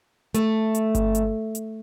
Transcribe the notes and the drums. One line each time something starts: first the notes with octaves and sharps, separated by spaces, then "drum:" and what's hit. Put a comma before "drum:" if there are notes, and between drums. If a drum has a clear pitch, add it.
A3, drum: hi-hat
drum: hi-hat
drum: kick G1, hi-hat
drum: hi-hat
drum: hi-hat